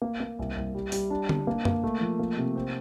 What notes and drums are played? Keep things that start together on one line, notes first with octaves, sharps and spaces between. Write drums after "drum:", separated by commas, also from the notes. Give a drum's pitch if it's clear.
A#3
A#3
C2
C2
G3
G3, drum: open hi-hat
D4
D4, drum: tom D3
A#3
A#3, drum: tom F#2
A3
F3
A#3
C3
C4